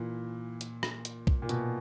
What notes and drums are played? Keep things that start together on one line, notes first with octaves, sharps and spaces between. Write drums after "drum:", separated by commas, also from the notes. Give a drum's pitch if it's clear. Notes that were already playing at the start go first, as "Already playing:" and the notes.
Already playing: A#2 E3
drum: hi-hat
drum: rim click
drum: hi-hat
drum: kick B1
A#2
B2, drum: hi-hat